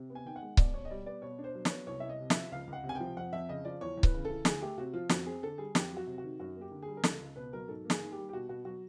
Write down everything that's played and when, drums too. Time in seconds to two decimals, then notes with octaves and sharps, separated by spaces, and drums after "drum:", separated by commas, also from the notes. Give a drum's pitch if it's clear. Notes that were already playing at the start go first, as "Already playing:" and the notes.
Already playing: C3
0.10 B3
0.15 G#5
0.25 D#3 G5
0.36 F#5
0.42 G#3
0.57 B2 D5, drum: kick C#1
0.74 B2 C#5
0.85 D#5
0.90 G3 D5
1.06 B3 D5
1.22 B2 C#5
1.39 D4
1.44 C5
1.55 F#3
1.65 C#5, drum: snare
1.71 B3
1.87 C2 C#5
2.00 C2 E5
2.09 D#5
2.20 C3
2.30 E5, drum: snare
2.36 F3
2.52 C#2 F5
2.67 C#2
2.73 F#5
2.83 C3
2.89 G#5
2.95 G5
3.00 F3
3.16 F2 F#5
3.33 F2 E5
3.49 C#3 D#5
3.65 F3 D5
3.81 E2 C#5
3.97 E2
4.03 B4, drum: kick C#1
4.14 C#3
4.25 A4
4.30 E3
4.45 D2 G#4, drum: snare
4.62 A3 G4
4.78 C3 F#4
4.93 F3 F4
5.10 F2 F#4, drum: snare
5.26 C4 G#4
5.43 D3 A4
5.58 G3 G#4
5.75 F2 G4, drum: snare
5.91 F#3
5.97 F#4
6.07 C3
6.18 F#4
6.24 D#3
6.40 F#2 F#4
6.56 A#3
6.61 G4
6.71 D3
6.82 G#4
6.88 G3
6.97 A#4
7.04 C#2 A4, drum: snare
7.20 C#2
7.36 B2 B4
7.53 F#3 A#4
7.68 G#2 A4
7.85 A#3
7.90 G#4, drum: snare
8.00 D#3
8.12 G4
8.17 G3
8.29 G4
8.33 B2 F#4
8.49 B2 F#4
8.65 F#3 F#4